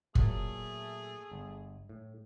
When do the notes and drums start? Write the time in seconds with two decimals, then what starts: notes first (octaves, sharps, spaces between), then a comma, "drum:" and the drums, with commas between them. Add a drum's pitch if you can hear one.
0.15 A#2 F#3 A3 G#4, drum: kick
1.32 G1
1.89 A2